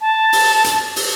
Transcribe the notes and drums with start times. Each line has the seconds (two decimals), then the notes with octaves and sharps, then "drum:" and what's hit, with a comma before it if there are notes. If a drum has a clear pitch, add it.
0.01 A5
0.33 drum: open hi-hat
0.64 drum: hi-hat
0.96 drum: open hi-hat